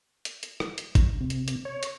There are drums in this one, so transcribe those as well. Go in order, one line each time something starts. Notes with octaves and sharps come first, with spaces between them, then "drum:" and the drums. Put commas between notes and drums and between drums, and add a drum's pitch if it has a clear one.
drum: hi-hat
drum: hi-hat
drum: rim click
drum: hi-hat
drum: kick, hi-hat
C3
drum: hi-hat
drum: hi-hat
C#5
drum: hi-hat